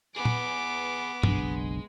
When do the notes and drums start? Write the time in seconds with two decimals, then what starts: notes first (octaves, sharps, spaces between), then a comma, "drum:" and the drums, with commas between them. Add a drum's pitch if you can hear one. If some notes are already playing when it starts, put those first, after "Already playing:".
0.16 B3 G#4 B4 D6
0.25 drum: tom
1.23 F#1 B1 G#3 D4, drum: tom G2